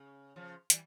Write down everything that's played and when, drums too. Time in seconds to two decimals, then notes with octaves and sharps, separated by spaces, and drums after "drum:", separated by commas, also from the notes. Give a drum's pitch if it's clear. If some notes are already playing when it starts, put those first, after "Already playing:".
Already playing: C#3
0.36 C#3 F3
0.70 E3 G3, drum: hi-hat